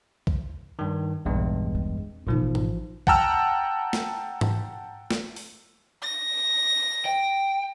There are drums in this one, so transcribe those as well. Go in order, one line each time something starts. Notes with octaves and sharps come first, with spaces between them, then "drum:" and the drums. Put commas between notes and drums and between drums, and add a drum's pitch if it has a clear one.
drum: kick
G2 D#3
A#1 E2 G2 G#3
C4
A1 B2 F3 D#4
drum: tom G#2
F#5 G5 A5 A#5 E6 F6, drum: kick
drum: snare
drum: tom G#2
drum: snare
drum: open hi-hat
A#6
G5